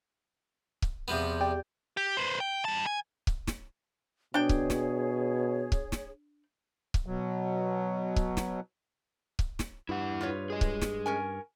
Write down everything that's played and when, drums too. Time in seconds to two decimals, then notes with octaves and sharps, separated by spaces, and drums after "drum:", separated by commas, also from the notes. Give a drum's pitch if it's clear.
0.82 drum: kick C#1
1.08 E2 C3 F3 B3
1.41 G4 D5 G5
1.97 G4
2.17 B4 C5
2.40 G5
2.65 G3 A5
2.86 G#5
3.27 drum: kick C#1
3.47 drum: snare
4.34 B2 D4 G#4 C#5 G5
4.49 drum: kick C#1
4.70 drum: snare
5.72 drum: kick C#1
5.92 drum: snare
6.94 drum: kick C#1
7.06 B2 F#3
8.16 drum: kick C#1
8.37 drum: snare
9.39 drum: kick C#1
9.59 drum: snare
9.89 G2 E4 F#5
10.21 F4 B4 C#5
10.50 G#4 D#5
10.61 drum: kick C#1
10.82 drum: snare
11.06 C#4 A#4 G#5